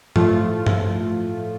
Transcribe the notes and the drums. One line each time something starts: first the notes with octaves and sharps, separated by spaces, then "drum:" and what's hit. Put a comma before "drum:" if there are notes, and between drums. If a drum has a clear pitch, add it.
A2 F3 A3 F4, drum: tom G2
drum: tom G2